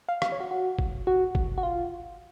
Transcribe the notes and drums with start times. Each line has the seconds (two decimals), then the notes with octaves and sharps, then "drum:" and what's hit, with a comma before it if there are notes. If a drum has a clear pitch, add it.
0.09 F5
0.22 F5, drum: rim click
0.32 C#5
0.40 F#4
0.51 F#4
0.79 drum: kick G1
1.07 F#4
1.35 drum: kick G1
1.58 F#4
1.63 F4